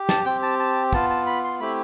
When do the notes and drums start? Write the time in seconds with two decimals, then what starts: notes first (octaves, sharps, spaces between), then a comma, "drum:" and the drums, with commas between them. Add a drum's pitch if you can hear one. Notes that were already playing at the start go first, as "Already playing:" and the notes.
Already playing: G4
0.09 A5, drum: snare
0.25 C4 G4 G5
0.43 A5
0.59 A5
0.93 B3 F4 A5, drum: kick
1.10 A5
1.27 B5
1.44 C6
1.60 A3 C4 E4 G4 B5